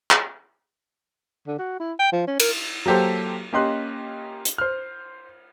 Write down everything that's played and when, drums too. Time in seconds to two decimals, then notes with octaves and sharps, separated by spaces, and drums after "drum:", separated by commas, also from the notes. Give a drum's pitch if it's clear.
0.11 drum: clap
1.47 D3
1.59 F#4
1.80 E4
1.99 G5
2.12 F3
2.27 C#4
2.40 A#4, drum: cymbal
2.86 F#3 A#3 G4 A4 C5
3.53 A#3 C#4 G4 D#5 C6 F#6
4.45 drum: hi-hat
4.58 C5 F6